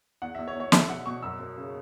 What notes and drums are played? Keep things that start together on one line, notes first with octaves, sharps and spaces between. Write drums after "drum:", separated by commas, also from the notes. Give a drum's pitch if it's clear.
E2 F#5
E2 E5
C#5
E2
C#5
A3 E5, drum: snare
B2 F#5
B2 C#6
F#2 E6
F#2
C#3